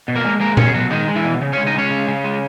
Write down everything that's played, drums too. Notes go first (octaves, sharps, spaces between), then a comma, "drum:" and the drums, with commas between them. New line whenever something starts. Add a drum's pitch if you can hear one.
B2
A#3 A#4
G#3
G#3 A#3 A#4
B2 C#4 C#5, drum: tom A#2
G#4
B2 F#3 F#4
D#3 G#3 D#4
G#3
E3 E4
B2
C#3
C#4 C#5
G#3
D#4 D#5
G#3 C#4 C#5
C#3
C#3
G#3